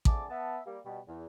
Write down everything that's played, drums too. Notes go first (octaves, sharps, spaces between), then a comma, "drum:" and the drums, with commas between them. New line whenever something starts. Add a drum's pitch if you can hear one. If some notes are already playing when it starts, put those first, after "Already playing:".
F2 D3 A3 G#4 A5 D6, drum: kick A1
B3 E5 A5
G3 A#3
B2 G3
E2